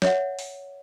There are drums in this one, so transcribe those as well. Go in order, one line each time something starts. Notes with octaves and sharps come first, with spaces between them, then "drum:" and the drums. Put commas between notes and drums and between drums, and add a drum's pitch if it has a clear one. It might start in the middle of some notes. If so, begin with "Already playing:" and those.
C#5 E5 F#5, drum: snare
drum: open hi-hat